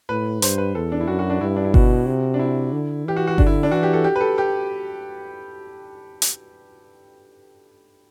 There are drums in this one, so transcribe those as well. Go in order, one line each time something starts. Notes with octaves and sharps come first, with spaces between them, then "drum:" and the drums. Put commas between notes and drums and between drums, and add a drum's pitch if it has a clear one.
A2 B4
G2 C5, drum: hi-hat
B4
E2 A4
D4
E4
F#2 F#4
F#4
D4
G2 E4
D4
E4
B2 F#4, drum: kick G1
C3
D4
E4
D3
E3 G4
F#4
F#4
D3 D4, drum: kick G1
E4
D4
E3 F#4
G4
A4
G4
B4
A4
G4
drum: hi-hat